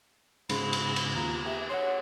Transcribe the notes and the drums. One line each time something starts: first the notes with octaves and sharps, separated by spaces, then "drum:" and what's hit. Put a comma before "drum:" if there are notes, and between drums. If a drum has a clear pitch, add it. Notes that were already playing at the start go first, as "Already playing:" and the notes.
G#2 C#3 B5 C6, drum: cymbal
drum: cymbal
drum: cymbal
D#2 F4 A#5
G4 E5
C#5 F#5 C6